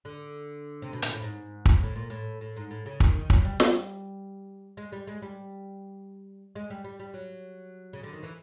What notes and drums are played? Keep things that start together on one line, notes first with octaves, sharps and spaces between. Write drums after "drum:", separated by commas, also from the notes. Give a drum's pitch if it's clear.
D3
C3
B2
A#2, drum: hi-hat
A2
G#2
drum: kick
A2
A#2
A2
A2
G#2
A2
C#3
D#3, drum: kick
D#3
F#3, drum: kick
G3
G3, drum: snare
G#3
G3
G#3
G3
G#3
G3
G3
G3
F#3
C#3
D3
D#3
E3